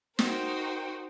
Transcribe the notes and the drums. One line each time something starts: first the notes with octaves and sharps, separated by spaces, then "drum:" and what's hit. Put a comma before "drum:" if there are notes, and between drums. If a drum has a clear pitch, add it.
D#4 F#4 A#4 C5 G5, drum: snare